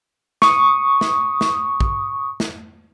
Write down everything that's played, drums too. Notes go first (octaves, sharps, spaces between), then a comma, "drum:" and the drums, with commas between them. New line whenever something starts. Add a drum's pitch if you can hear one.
C#6 D#6, drum: snare
drum: snare
drum: snare
drum: kick
drum: snare